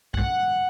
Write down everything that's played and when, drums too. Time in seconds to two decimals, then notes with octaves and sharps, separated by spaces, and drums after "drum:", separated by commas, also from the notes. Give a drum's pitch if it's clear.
0.14 F#5, drum: kick